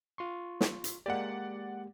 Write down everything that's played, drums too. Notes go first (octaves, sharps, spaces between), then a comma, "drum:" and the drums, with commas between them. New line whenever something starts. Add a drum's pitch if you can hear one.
F4 C6 C#6
drum: snare
drum: hi-hat
G#3 A#3 G4 D5 F#5